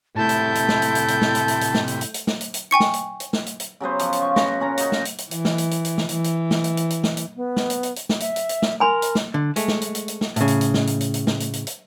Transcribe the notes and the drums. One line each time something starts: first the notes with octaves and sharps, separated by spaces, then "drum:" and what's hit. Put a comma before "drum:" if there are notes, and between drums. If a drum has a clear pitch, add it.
A2 C3 A3 E4 A5 G6
drum: hi-hat
drum: hi-hat
drum: snare
drum: hi-hat
drum: hi-hat
drum: hi-hat
drum: snare
drum: hi-hat
drum: hi-hat
drum: hi-hat
drum: snare
drum: hi-hat
drum: hi-hat
drum: hi-hat
drum: snare
drum: hi-hat
drum: hi-hat
G5 G#5 C#6 C#7
drum: snare
drum: hi-hat
drum: hi-hat
drum: snare
drum: hi-hat
drum: hi-hat
C#3 F#3 B3 C5
F3, drum: hi-hat
drum: hi-hat
F4 C#6
C#3 F#4 B4, drum: snare
A#2 C#4 A#4 A#5
D#4 F#4, drum: hi-hat
drum: snare
drum: hi-hat
drum: hi-hat
E3, drum: hi-hat
drum: snare
drum: hi-hat
drum: hi-hat
drum: hi-hat
drum: snare
E3, drum: hi-hat
drum: hi-hat
drum: snare
drum: hi-hat
drum: hi-hat
drum: hi-hat
drum: snare
drum: hi-hat
B3
drum: snare
drum: hi-hat
drum: hi-hat
drum: hi-hat
drum: snare
E5, drum: hi-hat
drum: hi-hat
drum: hi-hat
drum: snare
A#4 G#5 B5 C6
drum: hi-hat
drum: snare
D3
G#3 A3, drum: hi-hat
drum: snare
drum: hi-hat
drum: hi-hat
drum: hi-hat
drum: snare
A2 C#3, drum: hi-hat
drum: hi-hat
drum: hi-hat
drum: snare
drum: hi-hat
drum: hi-hat
drum: hi-hat
drum: snare
drum: hi-hat
drum: hi-hat
drum: hi-hat